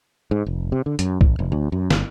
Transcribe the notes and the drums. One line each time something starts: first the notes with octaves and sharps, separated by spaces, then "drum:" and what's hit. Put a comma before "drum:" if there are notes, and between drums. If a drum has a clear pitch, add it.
G#2
F1
C3
D3
F#2, drum: hi-hat
A1, drum: kick C2
F1
D2
F#2
G1, drum: snare